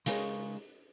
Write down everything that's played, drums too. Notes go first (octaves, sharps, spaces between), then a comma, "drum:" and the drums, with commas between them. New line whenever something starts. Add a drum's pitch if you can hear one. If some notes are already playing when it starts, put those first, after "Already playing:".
C#3 G#3 D#4 A#4 C#5, drum: hi-hat